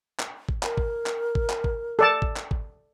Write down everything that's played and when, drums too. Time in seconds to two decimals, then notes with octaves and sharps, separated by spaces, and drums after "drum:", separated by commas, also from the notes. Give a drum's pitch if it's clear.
0.20 drum: clap
0.49 drum: kick G#1
0.63 A#4, drum: clap
0.77 drum: kick G#1
1.06 drum: clap
1.35 drum: kick G#1
1.50 drum: clap
1.64 drum: kick G#1
1.99 A4 D5 A5
2.22 drum: kick G#1
2.37 drum: clap
2.51 drum: kick G#1